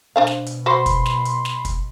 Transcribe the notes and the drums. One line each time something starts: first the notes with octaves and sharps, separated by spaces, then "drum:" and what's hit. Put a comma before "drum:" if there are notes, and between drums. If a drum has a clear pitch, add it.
B2 D4 C5 F5
drum: snare
drum: hi-hat
F#4 C5 B5 C6
drum: kick, hi-hat
drum: snare
drum: hi-hat
drum: snare
drum: kick, hi-hat